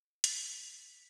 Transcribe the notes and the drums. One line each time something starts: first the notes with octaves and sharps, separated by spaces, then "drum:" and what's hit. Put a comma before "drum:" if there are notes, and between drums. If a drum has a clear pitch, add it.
B6, drum: hi-hat